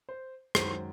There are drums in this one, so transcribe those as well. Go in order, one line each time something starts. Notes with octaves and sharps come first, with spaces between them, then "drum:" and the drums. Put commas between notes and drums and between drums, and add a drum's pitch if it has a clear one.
C5
F#2 D#3 G#3 C5, drum: rim click